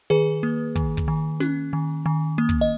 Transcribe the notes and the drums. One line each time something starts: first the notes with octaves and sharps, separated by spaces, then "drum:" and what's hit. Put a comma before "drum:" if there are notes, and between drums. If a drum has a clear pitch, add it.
D#3 G#4 B4
A#3
D#3, drum: kick
drum: kick
D#3
C#4, drum: snare
D#3
D#3
A#3
drum: kick
D#5